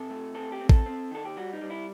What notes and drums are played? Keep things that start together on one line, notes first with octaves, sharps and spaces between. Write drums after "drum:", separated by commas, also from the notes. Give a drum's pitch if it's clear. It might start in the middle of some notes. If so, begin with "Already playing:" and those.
Already playing: C3 A4
A3
C4 A4
G4
C4
A4, drum: kick A1
C4
D#3 A4
G4
G3 F#4
D#4
G3
E4